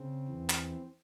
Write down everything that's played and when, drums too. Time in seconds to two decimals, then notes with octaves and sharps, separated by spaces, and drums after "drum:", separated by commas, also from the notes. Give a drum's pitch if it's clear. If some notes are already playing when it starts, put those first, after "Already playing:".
Already playing: C#3 C4
0.28 E2 E3
0.50 drum: clap